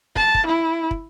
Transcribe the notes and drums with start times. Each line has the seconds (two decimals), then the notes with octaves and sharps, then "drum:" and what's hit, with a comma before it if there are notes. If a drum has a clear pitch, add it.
0.16 A5, drum: kick
0.35 drum: kick
0.46 E4
0.91 drum: kick